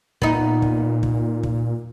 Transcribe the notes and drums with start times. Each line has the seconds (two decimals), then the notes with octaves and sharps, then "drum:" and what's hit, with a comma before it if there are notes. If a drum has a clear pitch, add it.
0.22 A#2 B3 D#4, drum: kick
0.62 drum: kick
1.03 drum: kick
1.43 drum: kick